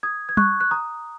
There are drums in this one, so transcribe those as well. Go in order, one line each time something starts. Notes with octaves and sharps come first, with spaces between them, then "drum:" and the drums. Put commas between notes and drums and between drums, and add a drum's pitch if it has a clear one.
D#6 G#6
G#6
C#6 F#6, drum: tom G3
F#6
A#5 D#6